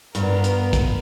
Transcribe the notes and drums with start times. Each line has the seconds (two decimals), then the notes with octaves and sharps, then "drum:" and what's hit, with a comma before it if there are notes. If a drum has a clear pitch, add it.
0.15 G2 B3 F4 A#4, drum: hi-hat
0.44 drum: hi-hat
0.73 drum: kick, hi-hat